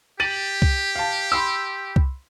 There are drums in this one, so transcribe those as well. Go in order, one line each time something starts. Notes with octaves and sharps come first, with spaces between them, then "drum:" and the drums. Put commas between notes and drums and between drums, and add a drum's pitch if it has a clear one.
G4 A6 D#7 F#7
drum: kick C2
F5 A5
B5 C6 E6
drum: kick C2